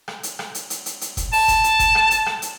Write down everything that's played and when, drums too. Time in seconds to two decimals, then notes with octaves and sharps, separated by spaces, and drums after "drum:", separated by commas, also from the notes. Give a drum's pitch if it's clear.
0.08 drum: rim click
0.23 drum: hi-hat
0.39 drum: rim click
0.55 drum: hi-hat
0.70 drum: hi-hat
0.86 drum: hi-hat
1.01 drum: hi-hat
1.17 drum: kick F#1, hi-hat
1.33 A5, drum: open hi-hat
1.48 drum: kick F#1, hi-hat
1.64 drum: hi-hat
1.79 drum: kick F#1, hi-hat
1.95 drum: rim click
2.11 drum: hi-hat
2.26 drum: rim click
2.42 drum: hi-hat